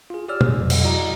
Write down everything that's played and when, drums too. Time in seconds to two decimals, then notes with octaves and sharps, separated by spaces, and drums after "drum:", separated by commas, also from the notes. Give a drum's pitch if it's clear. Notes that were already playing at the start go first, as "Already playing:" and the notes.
0.10 F4 G#4
0.28 G4 C#5 D5 E6 F6
0.41 G#4, drum: tom
0.58 F2 B2 F#3
0.70 drum: cymbal
0.83 E4 F#4 D5 D#5 A#5